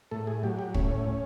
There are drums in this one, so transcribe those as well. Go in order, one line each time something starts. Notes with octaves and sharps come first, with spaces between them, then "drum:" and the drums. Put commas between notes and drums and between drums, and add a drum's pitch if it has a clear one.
A2 A4
G#4
F#3 G4
G4
A2 C#4, drum: kick